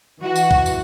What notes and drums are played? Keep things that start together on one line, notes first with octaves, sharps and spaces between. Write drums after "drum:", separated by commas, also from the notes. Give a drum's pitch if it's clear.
E3 F#4
drum: tambourine
drum: kick
drum: tambourine